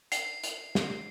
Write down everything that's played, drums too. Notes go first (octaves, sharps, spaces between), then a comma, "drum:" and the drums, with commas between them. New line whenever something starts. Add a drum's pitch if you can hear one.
C7, drum: hi-hat
drum: hi-hat
drum: snare